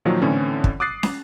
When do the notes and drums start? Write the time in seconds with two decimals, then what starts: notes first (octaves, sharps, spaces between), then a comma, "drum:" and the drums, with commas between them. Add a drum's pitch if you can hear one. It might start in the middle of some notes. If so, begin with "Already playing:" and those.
0.05 A#2 D#3 F3 F#3
0.22 A2 D3 E3 C4 C#4 A4
0.64 drum: kick
0.80 D6 D#6 F#6 A6 C7
1.03 drum: snare